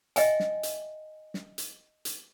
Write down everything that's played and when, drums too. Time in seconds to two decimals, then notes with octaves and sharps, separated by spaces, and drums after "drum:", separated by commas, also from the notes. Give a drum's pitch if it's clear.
0.16 D#5 E5 G5 G#5, drum: hi-hat
0.40 drum: snare
0.63 drum: hi-hat
1.34 drum: snare
1.58 drum: hi-hat
2.05 drum: hi-hat